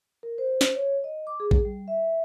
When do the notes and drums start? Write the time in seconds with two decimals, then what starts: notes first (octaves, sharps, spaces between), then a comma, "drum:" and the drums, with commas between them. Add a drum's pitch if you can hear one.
0.23 A#4
0.38 C5
0.61 drum: snare
0.75 C#5
1.04 D#5
1.27 D6
1.40 G#4
1.51 drum: kick A#1
1.65 G3
1.88 E5